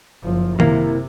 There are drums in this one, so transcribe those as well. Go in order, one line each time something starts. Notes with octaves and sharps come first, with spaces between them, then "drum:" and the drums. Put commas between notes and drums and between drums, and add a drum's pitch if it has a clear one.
F#1 F3
C3 A#3 E4, drum: tom D#3